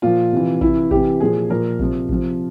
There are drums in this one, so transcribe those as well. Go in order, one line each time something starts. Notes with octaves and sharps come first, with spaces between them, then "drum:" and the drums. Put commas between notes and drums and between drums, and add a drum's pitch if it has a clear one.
A#2 F3 F4
C3 E3
C3 E3 E4, drum: kick A1
C3 E3 G4, drum: kick A1
A#2 F3 G#4
A#2 F3 A#4
C3 F3, drum: kick A1
C3 F3, drum: kick A1